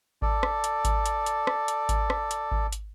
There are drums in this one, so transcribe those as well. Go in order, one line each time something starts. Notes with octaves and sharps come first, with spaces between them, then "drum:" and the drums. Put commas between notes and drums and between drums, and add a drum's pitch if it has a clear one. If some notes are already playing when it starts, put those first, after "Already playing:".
A4 D5, drum: kick G#1
drum: rim click
drum: hi-hat
drum: kick G#1, hi-hat
drum: hi-hat
drum: hi-hat
drum: rim click
drum: hi-hat
drum: kick G#1, hi-hat
drum: rim click
drum: hi-hat
drum: kick G#1
drum: hi-hat